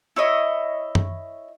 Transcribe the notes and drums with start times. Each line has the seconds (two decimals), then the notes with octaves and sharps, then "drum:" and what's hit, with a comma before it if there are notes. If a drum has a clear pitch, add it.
0.16 E4 C#5 D#5
0.95 drum: tom F#2